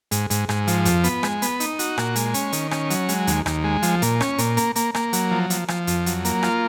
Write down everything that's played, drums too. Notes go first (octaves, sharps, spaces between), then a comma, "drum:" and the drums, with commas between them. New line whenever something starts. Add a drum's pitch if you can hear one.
G#2, drum: hi-hat
G#2, drum: hi-hat
G#2, drum: rim click
F3, drum: hi-hat
F2, drum: hi-hat
B3, drum: hi-hat
G#3, drum: rim click
B3, drum: hi-hat
D#4, drum: hi-hat
F#4, drum: hi-hat
A#2, drum: rim click
G#3, drum: hi-hat
C#4, drum: hi-hat
D#3, drum: hi-hat
C#4, drum: rim click
F#3, drum: hi-hat
G#3, drum: hi-hat
D#2, drum: hi-hat
D#2, drum: rim click
G#3
F3, drum: hi-hat
A#2, drum: hi-hat
C#4, drum: rim click
A#2, drum: hi-hat
A#3, drum: hi-hat
A#3, drum: hi-hat
A#3, drum: rim click
F#3, drum: hi-hat
F3
F3, drum: hi-hat
F3, drum: rim click
F2, drum: hi-hat
F#3, drum: hi-hat
A#3, drum: hi-hat
F4, drum: rim click